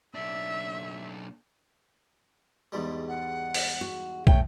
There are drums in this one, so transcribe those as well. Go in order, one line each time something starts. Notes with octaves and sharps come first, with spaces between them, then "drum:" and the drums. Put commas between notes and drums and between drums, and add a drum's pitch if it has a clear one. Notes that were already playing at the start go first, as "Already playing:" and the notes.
B1 D4 E5
E2 G#2 G3
F#5
drum: open hi-hat
F#4
A3 C#5 G5, drum: kick